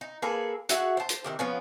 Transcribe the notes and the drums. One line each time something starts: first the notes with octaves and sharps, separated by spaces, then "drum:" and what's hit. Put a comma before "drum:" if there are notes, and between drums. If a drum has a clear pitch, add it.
D#4
A#3 G#4 A4 B4
F#4 G#4 E5 F#5, drum: hi-hat
C5 A5
drum: hi-hat
C3 D#3 G4
F3 B3 C#4